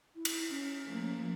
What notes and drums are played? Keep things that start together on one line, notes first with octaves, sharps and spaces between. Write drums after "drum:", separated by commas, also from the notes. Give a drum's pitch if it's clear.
E4
drum: cymbal
C#4
F3 A3 A#3